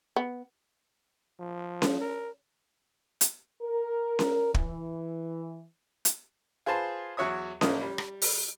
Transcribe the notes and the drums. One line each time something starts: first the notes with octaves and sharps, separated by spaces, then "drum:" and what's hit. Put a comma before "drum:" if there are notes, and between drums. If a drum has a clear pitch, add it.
B3
F3
drum: snare C#4
A#4
drum: hi-hat
A#4
drum: snare C#4
E3, drum: kick
drum: hi-hat
F4 G#4 B4 C5 A5 C6
E2 F#3 F#4 C#5 E5 D#6
A1 F3 A#3 D#5 D#6, drum: snare C#4
G3
drum: rim click
drum: open hi-hat